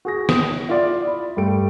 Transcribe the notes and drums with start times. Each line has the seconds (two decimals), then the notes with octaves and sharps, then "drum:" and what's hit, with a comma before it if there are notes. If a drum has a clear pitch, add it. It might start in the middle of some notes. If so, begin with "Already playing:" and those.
0.05 F#4 G#4 A#6
0.29 D#6, drum: snare
0.69 E4 F4 D5
1.07 B5
1.37 G2 G3 A3 D7